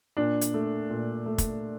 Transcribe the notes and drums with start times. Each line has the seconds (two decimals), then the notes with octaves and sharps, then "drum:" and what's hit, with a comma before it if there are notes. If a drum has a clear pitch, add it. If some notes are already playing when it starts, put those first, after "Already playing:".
0.17 A#2 D4
0.41 drum: hi-hat
0.54 A3
0.90 A#2
1.26 A3
1.38 drum: kick, hi-hat